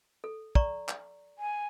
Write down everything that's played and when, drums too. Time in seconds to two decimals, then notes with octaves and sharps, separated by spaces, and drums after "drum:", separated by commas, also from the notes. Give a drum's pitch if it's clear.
0.24 A4
0.55 D5 A#5 C#6, drum: kick
0.89 drum: clap
1.39 G#5